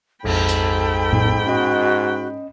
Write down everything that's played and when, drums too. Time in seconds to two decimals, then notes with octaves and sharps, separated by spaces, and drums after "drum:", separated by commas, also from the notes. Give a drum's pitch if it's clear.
0.25 A#1 F2 G#2 A4 G5 B5, drum: cymbal
0.49 drum: hi-hat
1.13 drum: tom A2
1.46 C#4 F#4 D#5